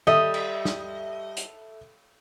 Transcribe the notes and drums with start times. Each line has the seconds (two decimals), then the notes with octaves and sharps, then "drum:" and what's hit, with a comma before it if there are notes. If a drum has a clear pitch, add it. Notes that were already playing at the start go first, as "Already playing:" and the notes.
0.07 G3 A4 D#5 E5, drum: tom D#3
0.34 drum: cymbal
0.65 drum: snare
1.37 drum: hi-hat